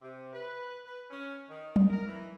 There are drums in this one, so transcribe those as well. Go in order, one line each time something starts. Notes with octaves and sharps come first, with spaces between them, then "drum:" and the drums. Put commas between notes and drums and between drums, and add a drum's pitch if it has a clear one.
C3
B4
B4
C#4
D#3
drum: tom F#3
A#4
E3